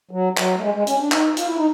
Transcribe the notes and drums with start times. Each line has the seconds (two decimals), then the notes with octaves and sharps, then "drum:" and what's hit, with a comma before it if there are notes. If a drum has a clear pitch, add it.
0.11 F#3
0.37 F#3, drum: clap
0.57 A3
0.61 G#3
0.75 G#3
0.87 C#4, drum: hi-hat
1.00 D4
1.12 D#4, drum: clap
1.37 F4, drum: hi-hat
1.47 E4
1.57 D#4